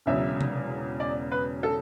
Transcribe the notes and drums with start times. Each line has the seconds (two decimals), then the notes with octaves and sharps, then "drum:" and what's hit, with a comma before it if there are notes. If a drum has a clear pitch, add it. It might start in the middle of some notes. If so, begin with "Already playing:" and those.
0.06 E1 E2 C#3 F#3 E5
0.41 drum: tom C3
1.00 D5
1.32 B4
1.63 A4